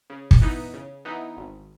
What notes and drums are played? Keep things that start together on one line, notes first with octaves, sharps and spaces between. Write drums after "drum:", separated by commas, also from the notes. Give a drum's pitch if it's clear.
C#3
drum: kick
E3 B3 D#4
C#3
E3 B3 D#4
G#1